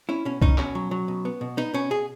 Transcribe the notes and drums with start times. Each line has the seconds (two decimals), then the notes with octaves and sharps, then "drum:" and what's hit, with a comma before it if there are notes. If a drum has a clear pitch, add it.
0.09 C#4 E4
0.25 B2 C#4
0.42 C#4 D#4, drum: kick C2
0.58 B2 C#4, drum: clap
0.75 F#3
0.91 F#3
1.08 B2
1.25 B3
1.41 B2
1.57 B3 D#4
1.74 B2 C#4
1.90 B2 G#4